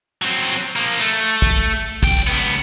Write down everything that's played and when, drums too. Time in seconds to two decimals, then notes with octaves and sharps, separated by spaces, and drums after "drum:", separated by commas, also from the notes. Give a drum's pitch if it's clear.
0.22 F#3 C4, drum: hi-hat
0.51 drum: hi-hat
0.76 F3 A#3
1.00 A3
1.12 drum: hi-hat
1.42 drum: kick, hi-hat
1.72 drum: open hi-hat
2.03 B1 G5, drum: kick, hi-hat
2.27 C#2 B3